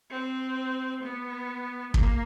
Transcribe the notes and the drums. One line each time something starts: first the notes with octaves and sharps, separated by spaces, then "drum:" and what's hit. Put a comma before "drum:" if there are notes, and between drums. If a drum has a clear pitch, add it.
C4
B3
A#3, drum: kick